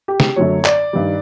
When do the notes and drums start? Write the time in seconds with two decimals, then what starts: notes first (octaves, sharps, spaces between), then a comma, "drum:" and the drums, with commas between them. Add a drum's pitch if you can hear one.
0.08 G4
0.20 drum: snare
0.36 F#2 D3 F#3 A3 C#5
0.65 D5, drum: clap
0.93 G2 D#3 G3